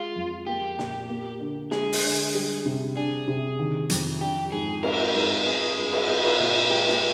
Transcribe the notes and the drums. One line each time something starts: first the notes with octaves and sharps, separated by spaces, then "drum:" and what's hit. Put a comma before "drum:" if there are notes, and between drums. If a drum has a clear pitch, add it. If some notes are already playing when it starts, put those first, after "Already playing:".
Already playing: G#3 F4
F2
A#3 G4
A#2, drum: snare
A#3
D3
G#3 G#4, drum: snare
drum: open hi-hat
D3
G3
C3
D4 G#4
C3
D#3
F2, drum: hi-hat
D4 G4
G#2 G#4
C4 A#4, drum: cymbal
G#2
C4 G#4
G2
drum: cymbal
C4
drum: cymbal
A#2
G#3 G4
drum: snare